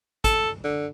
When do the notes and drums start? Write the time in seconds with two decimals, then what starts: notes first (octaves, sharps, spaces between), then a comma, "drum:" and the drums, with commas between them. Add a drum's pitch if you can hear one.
0.24 A4, drum: kick, hi-hat
0.64 D3